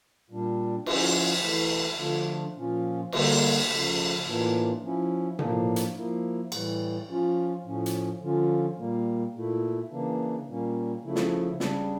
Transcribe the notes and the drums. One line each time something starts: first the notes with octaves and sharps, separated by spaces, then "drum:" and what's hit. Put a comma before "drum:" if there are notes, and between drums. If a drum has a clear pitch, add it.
A#2 G3 D4
F3 C#4 E4, drum: cymbal
E3 A3 E4
D3 F3 A3 D4 F4
A#2 F3 C#4 F4
D3 G3 A#3, drum: cymbal
C#3 F3 A3
A2 E3 A#3 D4 F4
F3 C#4 E4
A2 F3 A#3 D4, drum: tom B2
drum: hi-hat
F3 A#3 E4
A2 E3 G3, drum: cymbal
F3 C#4 F4
A2 F3 C#4
drum: hi-hat
D3 F3 C#4 F4
A#2 G3 A#3
A#2 A3 E4
C#3 E3 A#3 D4
A#2 G3 A#3 C#4
C#3 F3 A3 E4
drum: snare
C#3 G3 D4, drum: snare